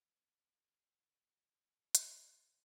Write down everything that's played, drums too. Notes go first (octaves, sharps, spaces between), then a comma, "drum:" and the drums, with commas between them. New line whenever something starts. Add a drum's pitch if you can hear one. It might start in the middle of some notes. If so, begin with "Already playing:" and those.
F3 A#3 C5 A6, drum: hi-hat